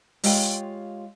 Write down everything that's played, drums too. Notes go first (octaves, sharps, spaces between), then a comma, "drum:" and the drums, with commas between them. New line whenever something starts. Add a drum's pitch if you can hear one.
G#3 F4 G4 C#5 F5 G5, drum: open hi-hat